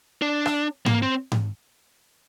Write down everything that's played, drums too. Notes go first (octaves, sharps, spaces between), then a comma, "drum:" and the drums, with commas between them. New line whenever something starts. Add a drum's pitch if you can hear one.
D4
drum: rim click
A#3, drum: tom G#2
C4
drum: tom G#2